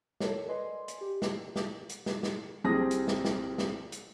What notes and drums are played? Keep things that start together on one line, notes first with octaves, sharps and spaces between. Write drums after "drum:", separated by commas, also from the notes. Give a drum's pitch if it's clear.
A4 A#4 C#5, drum: snare
B4 D5 D#5 G#5 C6
drum: hi-hat
G4
drum: snare
drum: snare
drum: hi-hat
drum: snare
drum: snare
C2 G3 C4 G#4 A#6
drum: hi-hat
drum: snare
drum: snare
drum: snare
drum: hi-hat